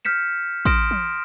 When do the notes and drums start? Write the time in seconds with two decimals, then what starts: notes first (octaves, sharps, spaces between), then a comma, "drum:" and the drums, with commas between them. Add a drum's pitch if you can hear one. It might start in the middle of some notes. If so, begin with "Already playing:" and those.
0.05 F6 G6 B6 C#7 E7
0.65 C6 D#6 F6 A#6 D7 E7, drum: kick
0.91 drum: tom